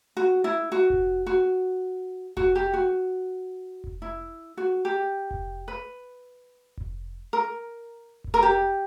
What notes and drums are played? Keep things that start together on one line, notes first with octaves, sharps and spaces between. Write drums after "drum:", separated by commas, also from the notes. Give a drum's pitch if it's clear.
F#4
E4
F#4
drum: kick F1
F#4
F#4, drum: kick F1
G4
F#4
drum: kick F1
E4
F#4
G4
drum: kick F1
B4
drum: kick F1
A#4
drum: kick F1
A#4
G4